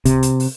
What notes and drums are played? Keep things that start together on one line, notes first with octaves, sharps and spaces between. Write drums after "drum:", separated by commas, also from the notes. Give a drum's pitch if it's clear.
C3, drum: kick C2, hi-hat
drum: hi-hat
drum: open hi-hat